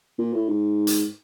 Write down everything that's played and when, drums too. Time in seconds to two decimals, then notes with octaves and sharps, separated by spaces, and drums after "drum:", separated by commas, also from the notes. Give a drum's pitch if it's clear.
0.19 A#2
0.34 A2
0.49 G#2
0.87 drum: hi-hat